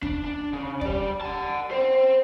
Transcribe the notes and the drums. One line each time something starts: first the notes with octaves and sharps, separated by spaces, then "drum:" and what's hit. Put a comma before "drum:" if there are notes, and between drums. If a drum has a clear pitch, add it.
D4, drum: kick
D4
C#3
G4 D5, drum: kick
F#5 A5
C5 G5